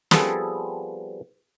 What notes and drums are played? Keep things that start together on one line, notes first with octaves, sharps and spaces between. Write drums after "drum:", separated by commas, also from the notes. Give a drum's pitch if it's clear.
F3 G3 B3 C4 G#4 A4, drum: snare